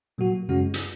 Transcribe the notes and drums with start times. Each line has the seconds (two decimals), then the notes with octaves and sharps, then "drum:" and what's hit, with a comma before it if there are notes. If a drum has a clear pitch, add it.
0.18 A#2 F#3 A#3 F#4
0.49 F#2 C#3 G#3 C#4 F#4
0.74 drum: hi-hat